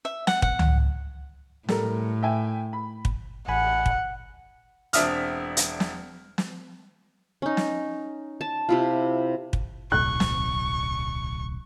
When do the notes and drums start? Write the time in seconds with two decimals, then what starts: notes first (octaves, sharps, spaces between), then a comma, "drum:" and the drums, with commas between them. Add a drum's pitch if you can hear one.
0.05 E5
0.27 F#5, drum: snare
0.42 F#5, drum: kick
0.59 drum: tom C#2
1.69 A2 G3 A4 A#4, drum: snare
2.23 E5 G5 G#5
2.73 B5
3.05 drum: kick
3.48 A1 F#5 G#5 B5
3.86 drum: kick
4.93 E1 C4 D4 E5 D#6 F6, drum: hi-hat
5.57 drum: hi-hat
5.80 drum: snare
6.38 drum: snare
7.42 C#4 D#4
7.57 drum: snare
8.41 A5
8.69 C3 E4 F4
9.53 drum: kick
9.92 D1 B1 C#6 F#6
10.20 drum: snare